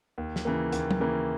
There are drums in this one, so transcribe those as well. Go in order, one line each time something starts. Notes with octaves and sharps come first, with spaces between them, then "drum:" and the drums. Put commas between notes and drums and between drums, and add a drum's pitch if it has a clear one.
D#2
drum: snare
C#3 E3 A#3
D#2, drum: hi-hat
drum: tom
C#3 E3 A#3